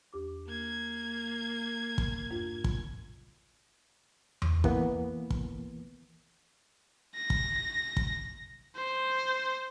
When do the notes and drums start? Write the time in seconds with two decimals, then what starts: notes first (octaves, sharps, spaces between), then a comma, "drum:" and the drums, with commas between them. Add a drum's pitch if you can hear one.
0.13 E2 G4 D6
0.47 A#3 G#6
1.98 drum: kick
2.31 F2 G#2 F4
2.64 drum: kick
4.42 drum: tom E2
4.64 E3 A#3 B3, drum: kick
5.30 drum: kick
7.15 A#6
7.30 drum: kick
7.97 drum: kick
8.76 C5